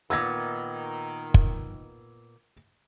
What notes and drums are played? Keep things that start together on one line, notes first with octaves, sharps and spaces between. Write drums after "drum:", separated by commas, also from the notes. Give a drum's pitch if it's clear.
A#2 D#3 B3 E6 G#6 A#6
drum: kick